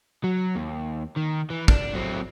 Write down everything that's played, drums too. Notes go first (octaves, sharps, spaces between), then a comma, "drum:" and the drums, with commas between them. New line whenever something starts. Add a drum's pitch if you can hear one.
F#3
D#2
D#3
E3
D4, drum: kick
F#3 C4